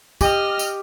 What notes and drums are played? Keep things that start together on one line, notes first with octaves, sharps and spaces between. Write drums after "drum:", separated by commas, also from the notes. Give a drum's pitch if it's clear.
G4 D#5 F6, drum: kick, tambourine
drum: tambourine